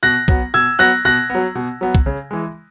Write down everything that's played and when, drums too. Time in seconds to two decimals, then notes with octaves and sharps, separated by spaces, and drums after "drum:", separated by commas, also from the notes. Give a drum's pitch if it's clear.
0.03 B2 F#6 A#6
0.28 F#3 B3, drum: kick
0.54 B2 E6 G#6
0.79 F#3 B3 F#6 A#6
1.05 B2 F#6 A#6
1.30 F#3 B3
1.55 B2
1.81 F#3 B3
1.95 drum: kick
2.06 C#3
2.31 E3 G#3